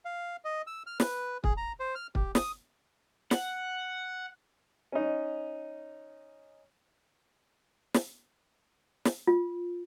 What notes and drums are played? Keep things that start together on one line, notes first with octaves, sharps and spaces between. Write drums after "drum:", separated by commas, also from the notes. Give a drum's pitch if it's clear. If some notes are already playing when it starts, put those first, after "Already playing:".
F5
D#5
E6
F6
B4, drum: snare
G#4, drum: kick
A#5
C5
F6
G4, drum: kick
D#6, drum: snare
F#5, drum: snare
C#4 D#4
drum: snare
drum: snare
F4